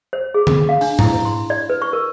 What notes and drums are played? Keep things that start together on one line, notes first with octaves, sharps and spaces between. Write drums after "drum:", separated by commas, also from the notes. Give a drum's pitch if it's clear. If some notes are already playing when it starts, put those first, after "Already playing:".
C5
G#4
drum: tom D3
F5
D4, drum: open hi-hat
E4, drum: tom G#2
C6
D5
B4
C#6
A#4